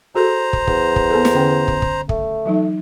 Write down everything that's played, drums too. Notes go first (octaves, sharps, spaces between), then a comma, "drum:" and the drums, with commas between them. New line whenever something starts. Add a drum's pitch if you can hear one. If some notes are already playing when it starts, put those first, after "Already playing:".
F#4 G#4 A4 C5 A#5
drum: kick
E2, drum: kick
drum: kick
B3 G#4 A4
drum: snare
D3 C#4 G5
drum: kick
drum: kick
A3, drum: kick
E3 F#3 D#4